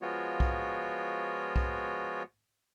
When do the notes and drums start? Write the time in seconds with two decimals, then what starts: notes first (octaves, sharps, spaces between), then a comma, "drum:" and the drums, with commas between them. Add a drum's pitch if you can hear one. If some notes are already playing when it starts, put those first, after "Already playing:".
0.02 F3 G#3 B3 F4 F#4 C#5
0.40 drum: kick B1
1.56 drum: kick B1